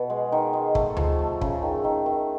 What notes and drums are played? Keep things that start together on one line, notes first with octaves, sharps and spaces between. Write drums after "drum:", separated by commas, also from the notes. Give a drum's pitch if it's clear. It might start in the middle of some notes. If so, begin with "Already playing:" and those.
Already playing: B2
G#3
D#3
G#3
A3, drum: kick
F3, drum: tom D2
A3
C#3, drum: kick
D#3
D#3
D#3